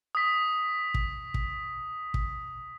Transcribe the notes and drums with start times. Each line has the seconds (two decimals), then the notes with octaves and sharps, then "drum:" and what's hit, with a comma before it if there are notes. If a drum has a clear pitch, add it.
0.15 D#6 B6
0.94 drum: kick
1.34 drum: kick
2.14 drum: kick